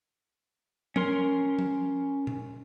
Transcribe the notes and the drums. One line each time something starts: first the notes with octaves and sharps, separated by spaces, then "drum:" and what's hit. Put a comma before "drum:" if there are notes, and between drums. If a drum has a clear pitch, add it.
C#4 A#4 C6, drum: tom F3
drum: tom F3
drum: tom A#2